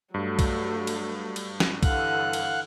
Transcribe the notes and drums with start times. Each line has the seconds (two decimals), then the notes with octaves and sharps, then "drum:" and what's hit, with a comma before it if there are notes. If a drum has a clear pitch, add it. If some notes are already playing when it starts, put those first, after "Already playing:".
0.14 G2 F#3 A3
0.39 drum: kick B1, cymbal
0.87 drum: cymbal
1.36 drum: cymbal
1.60 drum: snare
1.83 D3 E3 F5 F#5 F#6, drum: kick B1, cymbal
2.33 drum: cymbal